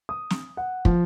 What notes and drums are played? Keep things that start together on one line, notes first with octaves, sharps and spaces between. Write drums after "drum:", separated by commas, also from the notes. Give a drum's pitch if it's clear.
D#6
drum: snare
F#5
F3, drum: kick